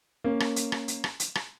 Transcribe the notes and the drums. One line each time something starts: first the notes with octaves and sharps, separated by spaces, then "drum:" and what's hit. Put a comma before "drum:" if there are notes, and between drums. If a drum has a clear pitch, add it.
A#3 C#4
drum: rim click
drum: hi-hat
drum: rim click
drum: hi-hat
drum: rim click
drum: hi-hat
drum: rim click